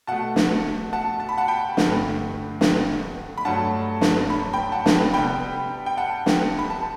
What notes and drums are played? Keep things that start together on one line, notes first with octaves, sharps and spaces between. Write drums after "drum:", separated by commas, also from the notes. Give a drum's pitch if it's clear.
B2 A3 F#5 A5
drum: snare
F#5 A5
A5
B5
F#5 A5
G5 B5
G2 D3 A3, drum: snare
drum: snare
B5
G2 F#3 A3 F#5 A5
drum: snare
B5
G5 B5
F#5 A5
drum: snare
C3 G3 B3 G5 B5
G5
F#5 A5
drum: snare
B5
A5